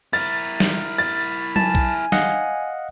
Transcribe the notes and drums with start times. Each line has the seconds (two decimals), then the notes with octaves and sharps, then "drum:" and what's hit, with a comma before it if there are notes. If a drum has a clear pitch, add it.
0.13 E4 A#4 A6
0.60 drum: snare
0.98 A6
1.56 G#5 A5, drum: tom F#3
1.75 drum: kick B1
2.12 D#5 F5 F#5, drum: snare